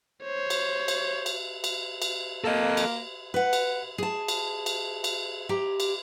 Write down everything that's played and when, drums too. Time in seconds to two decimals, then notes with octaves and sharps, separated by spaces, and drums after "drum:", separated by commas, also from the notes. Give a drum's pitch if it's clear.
0.23 C5 C#5
0.50 drum: cymbal
0.88 drum: cymbal
1.26 drum: cymbal
1.64 drum: cymbal
2.02 drum: cymbal
2.44 A#3 A4 D#5
2.77 drum: cymbal
3.34 B4 F#5
3.53 drum: cymbal
3.98 G#4 A5
4.28 drum: cymbal
4.66 drum: cymbal
5.04 drum: cymbal
5.49 G4 A#5
5.80 drum: cymbal